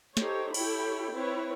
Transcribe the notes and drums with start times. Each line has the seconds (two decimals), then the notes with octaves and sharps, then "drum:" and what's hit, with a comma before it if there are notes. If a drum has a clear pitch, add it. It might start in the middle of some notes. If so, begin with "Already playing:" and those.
0.17 D#4 G4 A4 C5 C#5, drum: snare
0.54 E4 G4 A4 C#5 G5 B5, drum: cymbal
1.14 C4 E4 B4 C#5